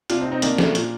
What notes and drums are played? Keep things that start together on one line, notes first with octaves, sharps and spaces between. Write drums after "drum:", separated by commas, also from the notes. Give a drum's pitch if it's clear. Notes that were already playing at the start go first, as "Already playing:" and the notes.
C3 D4 F4, drum: hi-hat
C4 D#4
C3
C4 D#4
D#3 A#3 D4, drum: hi-hat
A3, drum: snare
A#2, drum: hi-hat